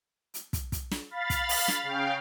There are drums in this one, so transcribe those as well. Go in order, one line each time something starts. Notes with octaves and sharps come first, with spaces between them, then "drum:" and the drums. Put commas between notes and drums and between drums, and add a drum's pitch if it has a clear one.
drum: hi-hat
drum: kick, hi-hat
drum: kick, hi-hat
drum: snare
F5 B5 A6
drum: kick, hi-hat
drum: open hi-hat
drum: snare
C#3 F5 G5